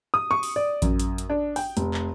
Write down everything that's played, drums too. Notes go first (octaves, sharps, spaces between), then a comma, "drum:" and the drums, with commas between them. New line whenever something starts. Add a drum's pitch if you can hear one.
D#6
C#6
drum: open hi-hat
D5
F#2, drum: kick A1, hi-hat
drum: hi-hat
drum: hi-hat
D4
G5, drum: open hi-hat
F1, drum: hi-hat
drum: clap